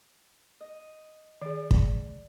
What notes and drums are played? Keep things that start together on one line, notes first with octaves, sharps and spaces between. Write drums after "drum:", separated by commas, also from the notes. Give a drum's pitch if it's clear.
D#5
D#3 G#4 D5
drum: kick